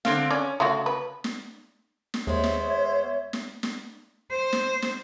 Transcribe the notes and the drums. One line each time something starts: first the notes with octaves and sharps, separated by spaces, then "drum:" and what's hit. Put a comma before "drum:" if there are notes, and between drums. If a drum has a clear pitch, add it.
D3 C4 F5, drum: snare
C#4 D5
C#3 A3 F4 F#4
B4
drum: snare
drum: snare
D#2 G#3 B3 C5 C#5 E5
drum: snare
drum: snare
drum: snare
C5
drum: snare
drum: snare